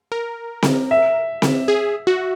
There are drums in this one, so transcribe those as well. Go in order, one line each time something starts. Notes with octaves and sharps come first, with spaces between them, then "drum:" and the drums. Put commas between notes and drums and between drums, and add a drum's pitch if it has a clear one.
A#4
drum: snare C4
E5
drum: snare C4
G#4
F#4